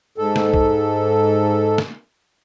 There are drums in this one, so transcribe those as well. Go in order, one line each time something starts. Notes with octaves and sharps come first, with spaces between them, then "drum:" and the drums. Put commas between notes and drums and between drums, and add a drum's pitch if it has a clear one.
G#2 A4
drum: snare
drum: kick
drum: snare